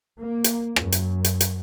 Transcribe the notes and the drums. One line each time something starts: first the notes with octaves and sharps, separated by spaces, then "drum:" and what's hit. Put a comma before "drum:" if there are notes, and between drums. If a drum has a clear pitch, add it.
A#3
drum: hi-hat
F#2, drum: rim click
drum: hi-hat
drum: hi-hat
drum: hi-hat